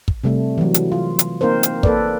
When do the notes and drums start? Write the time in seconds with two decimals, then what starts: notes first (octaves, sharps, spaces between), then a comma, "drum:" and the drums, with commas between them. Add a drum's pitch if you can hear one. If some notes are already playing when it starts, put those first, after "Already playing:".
0.08 drum: kick
0.24 C3 G3 A3
0.58 E3 F#3
0.74 drum: hi-hat
0.92 F4
1.19 drum: hi-hat
1.41 A#3 C4 D#4 A#4 C5
1.63 drum: hi-hat
1.83 A#3 A4 B4 D5, drum: kick